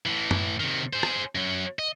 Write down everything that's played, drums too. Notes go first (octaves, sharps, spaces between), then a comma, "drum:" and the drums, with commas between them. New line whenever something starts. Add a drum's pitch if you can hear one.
A2 E3
drum: tom F#2
C3 D#3
G#4 C5
drum: rim click
F#2 F#3
D#5